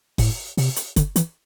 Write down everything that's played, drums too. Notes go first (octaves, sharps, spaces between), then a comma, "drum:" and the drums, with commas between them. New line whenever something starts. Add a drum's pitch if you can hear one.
A2, drum: kick F#1, open hi-hat
C3, drum: open hi-hat
drum: hi-hat
D3, drum: kick F#1, hi-hat
E3, drum: hi-hat